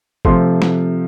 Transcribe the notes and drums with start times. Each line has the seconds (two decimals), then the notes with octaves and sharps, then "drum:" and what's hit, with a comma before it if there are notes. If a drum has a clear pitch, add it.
0.25 C3 F3 A3 C6, drum: kick
0.62 drum: snare